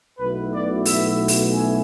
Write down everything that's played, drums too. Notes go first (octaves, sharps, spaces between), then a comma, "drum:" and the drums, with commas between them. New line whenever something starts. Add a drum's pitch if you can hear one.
B1 B2 A3 E4 B4
D5
E5, drum: open hi-hat
drum: open hi-hat
G#5